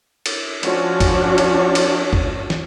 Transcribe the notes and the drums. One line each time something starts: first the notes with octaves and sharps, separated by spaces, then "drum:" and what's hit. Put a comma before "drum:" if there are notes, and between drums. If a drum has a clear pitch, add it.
drum: cymbal
F3 C#4 D4 F#4 C#5, drum: cymbal
drum: kick, cymbal
drum: cymbal
drum: cymbal
drum: kick
drum: snare